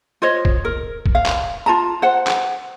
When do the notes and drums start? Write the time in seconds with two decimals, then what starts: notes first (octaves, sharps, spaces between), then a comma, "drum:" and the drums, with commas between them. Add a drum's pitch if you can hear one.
0.22 F4 C5 C#5 D#5
0.45 drum: kick
0.65 A#4
1.06 drum: kick
1.15 F5
1.26 drum: clap
1.66 F4 A5 A#5
2.02 C5 F#5
2.27 drum: clap